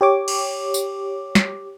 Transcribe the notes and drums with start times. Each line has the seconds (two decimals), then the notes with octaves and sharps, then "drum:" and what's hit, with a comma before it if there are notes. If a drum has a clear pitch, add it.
0.01 G4 C#5 D6
0.28 drum: cymbal
0.74 drum: tambourine
1.35 drum: snare